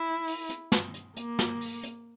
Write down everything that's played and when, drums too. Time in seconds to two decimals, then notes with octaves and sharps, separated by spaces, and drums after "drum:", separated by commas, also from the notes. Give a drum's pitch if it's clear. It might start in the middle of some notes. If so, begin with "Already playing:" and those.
Already playing: E4
0.27 drum: open hi-hat
0.49 drum: hi-hat
0.72 drum: snare
0.94 drum: hi-hat
1.17 A#3, drum: hi-hat
1.39 drum: snare
1.61 drum: open hi-hat
1.83 drum: hi-hat